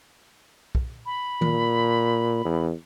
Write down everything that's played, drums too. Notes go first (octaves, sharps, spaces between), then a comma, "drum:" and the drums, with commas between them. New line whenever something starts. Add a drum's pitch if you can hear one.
drum: kick
B5
A#2, drum: tom D#3
E2